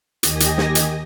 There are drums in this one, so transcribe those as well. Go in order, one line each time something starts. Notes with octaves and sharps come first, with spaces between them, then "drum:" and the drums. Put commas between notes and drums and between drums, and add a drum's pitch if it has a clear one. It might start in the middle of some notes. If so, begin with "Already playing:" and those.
D#2 D#3 G4 D#5 G#5 A#6, drum: hi-hat
drum: hi-hat
drum: snare
drum: hi-hat